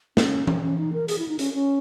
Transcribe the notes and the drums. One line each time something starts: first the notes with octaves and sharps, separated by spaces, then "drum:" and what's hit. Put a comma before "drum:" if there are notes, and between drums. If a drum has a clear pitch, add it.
C#4, drum: snare
C#4, drum: tom E3
C#4
D#4
A#4
G#4, drum: hi-hat
E4
D#4
C#4, drum: hi-hat
C#4